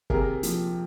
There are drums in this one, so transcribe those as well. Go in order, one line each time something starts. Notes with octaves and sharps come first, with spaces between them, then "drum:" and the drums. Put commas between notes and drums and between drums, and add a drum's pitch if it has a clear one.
C3 G#4 A#4, drum: kick
F3, drum: hi-hat